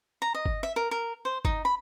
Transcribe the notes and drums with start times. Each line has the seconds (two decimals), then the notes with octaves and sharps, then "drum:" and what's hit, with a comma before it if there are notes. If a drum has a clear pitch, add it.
0.22 A#5
0.35 D#5
0.46 drum: kick G1
0.63 E5
0.76 A#4
0.91 A#4
1.25 C5
1.45 D#4, drum: kick G1
1.65 B5